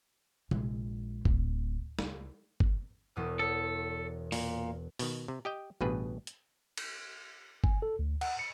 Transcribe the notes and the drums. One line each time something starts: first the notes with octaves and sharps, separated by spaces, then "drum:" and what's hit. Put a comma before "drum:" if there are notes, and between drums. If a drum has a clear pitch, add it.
A#1 G#3, drum: tom C3
D1, drum: kick
C#2, drum: snare
drum: kick
E1 E2 D#6
A4 C#5
A#2, drum: open hi-hat
B2 D#3, drum: open hi-hat
C3
G4 D#5 G5
A1 G2 B2 G#4 B4
drum: hi-hat
drum: cymbal
G#5, drum: kick
A4
D2
F#5, drum: cymbal
C#7